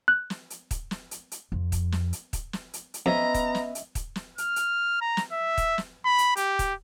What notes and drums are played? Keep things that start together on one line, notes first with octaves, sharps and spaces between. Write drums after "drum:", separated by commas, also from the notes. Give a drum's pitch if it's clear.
F#6
drum: snare
drum: hi-hat
drum: kick, hi-hat
drum: snare
drum: hi-hat
drum: hi-hat
F2
drum: kick, hi-hat
drum: snare
drum: hi-hat
drum: kick, hi-hat
drum: snare
drum: hi-hat
drum: hi-hat
F2 B3 C#4 D#5 E5 A#5
drum: kick, hi-hat
drum: snare
drum: hi-hat
drum: kick, hi-hat
drum: snare
F6, drum: hi-hat
drum: hi-hat
A#5
drum: snare
E5
drum: kick, hi-hat
drum: snare
B5
drum: hi-hat
G4, drum: hi-hat
drum: kick, hi-hat